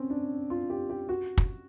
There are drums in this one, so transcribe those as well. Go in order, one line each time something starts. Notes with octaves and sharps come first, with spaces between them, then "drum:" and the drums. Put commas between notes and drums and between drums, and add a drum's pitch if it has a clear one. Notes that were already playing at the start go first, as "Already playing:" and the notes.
Already playing: C4 C#4
D4
F4
G4
G4
F#4
drum: kick